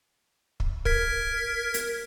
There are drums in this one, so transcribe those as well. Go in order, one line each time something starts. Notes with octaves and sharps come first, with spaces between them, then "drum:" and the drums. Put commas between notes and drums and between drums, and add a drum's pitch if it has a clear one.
drum: kick
A#4 G#6 B6, drum: kick
drum: hi-hat